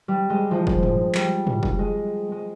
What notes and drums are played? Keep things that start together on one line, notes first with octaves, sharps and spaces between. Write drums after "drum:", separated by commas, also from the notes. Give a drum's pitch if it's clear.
G3
G#3
F3
drum: kick
drum: tom
G3, drum: clap
drum: tom
drum: kick
G#3
G#3